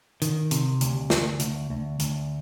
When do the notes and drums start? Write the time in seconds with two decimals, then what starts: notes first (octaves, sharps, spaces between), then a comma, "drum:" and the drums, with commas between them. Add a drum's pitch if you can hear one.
0.22 D#3, drum: hi-hat
0.51 C3, drum: hi-hat
0.81 D2, drum: hi-hat
1.10 D2, drum: snare
1.40 D2, drum: hi-hat
1.70 D2
2.00 D2, drum: hi-hat